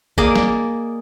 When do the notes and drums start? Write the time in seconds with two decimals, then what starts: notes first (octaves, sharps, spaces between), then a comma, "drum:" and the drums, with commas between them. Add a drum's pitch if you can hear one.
0.18 A#3 G#4 D5 D#5, drum: kick F#1
0.36 drum: snare